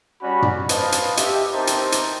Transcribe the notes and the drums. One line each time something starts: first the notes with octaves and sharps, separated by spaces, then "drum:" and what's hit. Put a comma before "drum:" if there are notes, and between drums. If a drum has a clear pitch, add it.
G3 C#4 F#4 D5 B5
drum: tom
B4 C5 D#5 F5 A5, drum: hi-hat
drum: hi-hat
G4 E5, drum: hi-hat
C4 D#4 G4 A#4 C5 A5
drum: hi-hat
drum: hi-hat